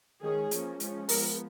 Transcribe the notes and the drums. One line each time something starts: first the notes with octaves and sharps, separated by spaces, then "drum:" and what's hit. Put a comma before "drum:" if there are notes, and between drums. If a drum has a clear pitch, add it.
D#3 G#3 C#4 G#4
F3 A#3 C#4, drum: hi-hat
F3 G#3 C#4, drum: hi-hat
F3 G#3 B3 A#4, drum: open hi-hat